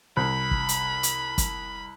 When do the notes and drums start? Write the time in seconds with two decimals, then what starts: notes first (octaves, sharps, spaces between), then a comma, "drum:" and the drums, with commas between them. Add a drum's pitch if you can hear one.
0.17 C2 B5
0.51 drum: kick
0.69 drum: hi-hat
1.03 drum: hi-hat
1.38 drum: kick, hi-hat